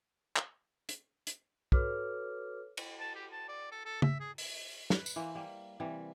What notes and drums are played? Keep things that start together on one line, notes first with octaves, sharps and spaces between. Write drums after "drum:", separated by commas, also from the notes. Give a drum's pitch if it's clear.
drum: clap
drum: hi-hat
drum: hi-hat
F#4 A4 B4 C#5 D6 F6, drum: kick
drum: cymbal
A5
G4
A5
D5
A4
A4
E5, drum: tom C#3
G#4
drum: open hi-hat
B4, drum: snare
drum: tambourine
E3 A#3 C5
G3 A#3
C3 E3 G3